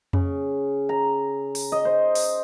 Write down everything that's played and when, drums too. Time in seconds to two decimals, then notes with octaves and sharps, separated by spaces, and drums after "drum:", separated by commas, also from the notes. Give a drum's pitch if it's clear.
0.13 C#3, drum: tom F2
0.89 A#5
1.55 drum: open hi-hat
1.72 D#5
1.85 C5
2.15 drum: open hi-hat